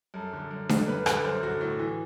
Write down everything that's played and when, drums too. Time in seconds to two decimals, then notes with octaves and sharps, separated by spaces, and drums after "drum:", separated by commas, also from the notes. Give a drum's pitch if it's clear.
0.14 F#2 A4
0.33 D3
0.51 F#2
0.69 D3, drum: snare D4
0.87 F#2 B4
1.06 D3 B4, drum: rim click
1.24 F#2 C5
1.43 D3 F#4
1.61 A2
1.79 E3